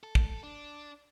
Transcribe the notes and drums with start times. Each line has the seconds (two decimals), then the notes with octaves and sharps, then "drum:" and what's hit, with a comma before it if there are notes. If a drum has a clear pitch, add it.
0.03 A4
0.15 drum: kick
0.43 D4